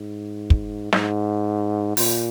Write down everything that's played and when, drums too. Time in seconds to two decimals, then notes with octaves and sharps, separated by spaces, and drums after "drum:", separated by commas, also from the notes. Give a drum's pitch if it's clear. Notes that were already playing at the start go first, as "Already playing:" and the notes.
Already playing: G#2
0.50 drum: kick
0.93 G#2, drum: snare
1.97 A#2, drum: open hi-hat